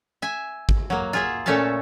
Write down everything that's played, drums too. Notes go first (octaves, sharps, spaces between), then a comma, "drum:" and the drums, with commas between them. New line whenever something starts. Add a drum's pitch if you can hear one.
E5 G#5
drum: kick G#1
F#3 A#3
F4 G#4 E5
A#2 A3 C#4 E5 F5 A5